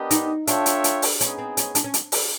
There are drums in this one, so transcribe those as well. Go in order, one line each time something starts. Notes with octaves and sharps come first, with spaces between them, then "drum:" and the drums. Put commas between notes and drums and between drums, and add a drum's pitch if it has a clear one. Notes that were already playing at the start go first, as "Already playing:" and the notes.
Already playing: B3 D4 G4 A#4 D#5
D#4, drum: hi-hat
D4 F4 A4 C#5 E5 G5, drum: hi-hat
drum: hi-hat
drum: hi-hat
drum: open hi-hat
B3 C#4 D#4 G#4, drum: hi-hat
C4
C#4, drum: hi-hat
D4, drum: hi-hat
C#4
drum: hi-hat
drum: open hi-hat